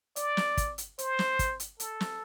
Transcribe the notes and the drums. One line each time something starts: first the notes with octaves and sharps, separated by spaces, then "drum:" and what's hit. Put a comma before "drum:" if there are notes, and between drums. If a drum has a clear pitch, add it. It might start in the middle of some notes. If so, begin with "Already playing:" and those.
D5, drum: hi-hat
drum: snare
drum: kick, hi-hat
drum: hi-hat
C5, drum: hi-hat
drum: snare
drum: kick, hi-hat
drum: hi-hat
A4, drum: hi-hat
drum: snare